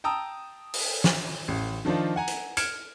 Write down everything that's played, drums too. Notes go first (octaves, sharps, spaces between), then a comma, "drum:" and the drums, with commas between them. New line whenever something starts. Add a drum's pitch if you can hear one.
G5 A5 A#5 D#6 E6
drum: open hi-hat
drum: snare
A1
D#3 F3 D4 D#4 F4
F#5 G#5 A#5
drum: hi-hat
F6 G#6 C#7 D7 E7, drum: hi-hat